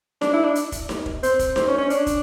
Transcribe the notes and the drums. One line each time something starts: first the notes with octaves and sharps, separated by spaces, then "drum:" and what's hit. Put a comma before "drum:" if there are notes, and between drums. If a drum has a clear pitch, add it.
D4, drum: snare D#4
E4
D4
drum: hi-hat
drum: kick, hi-hat
drum: snare D#4
drum: kick
C4, drum: hi-hat
drum: kick, hi-hat
C4, drum: snare D#4
C#4
C#4
D4, drum: hi-hat
drum: kick, hi-hat